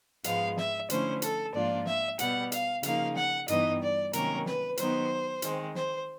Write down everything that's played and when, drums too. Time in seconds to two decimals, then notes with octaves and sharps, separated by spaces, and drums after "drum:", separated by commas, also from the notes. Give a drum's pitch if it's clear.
0.24 G#2 F3 G#3 B3 F5, drum: hi-hat
0.57 E5, drum: snare
0.90 D3 F3 A3 C#4 E4 C5, drum: hi-hat
1.22 A4, drum: hi-hat
1.54 G#2 F3 A#3 D4 F4 D5
1.86 E5, drum: snare
2.19 B2 G3 B3 F#5, drum: hi-hat
2.52 F5, drum: hi-hat
2.83 C#3 F3 A#3 D#4 F5, drum: hi-hat
3.16 F#5, drum: snare
3.48 G2 E3 G3 B3 D#4 D#5, drum: hi-hat
3.81 D5
4.13 C3 D#3 F#3 A#3 C#4 A#4, drum: hi-hat
4.46 B4, drum: snare
4.77 D#3 F#3 B3 D#4 C5, drum: hi-hat
5.42 D#3 G#3 C4, drum: hi-hat
5.75 C5, drum: snare